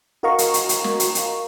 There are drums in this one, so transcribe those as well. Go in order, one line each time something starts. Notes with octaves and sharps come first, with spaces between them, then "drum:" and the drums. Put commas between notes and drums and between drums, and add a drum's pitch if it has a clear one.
F#4 A#4 D#5 F5 A#5 C#6
drum: hi-hat
drum: hi-hat
drum: hi-hat
drum: snare
drum: hi-hat
drum: hi-hat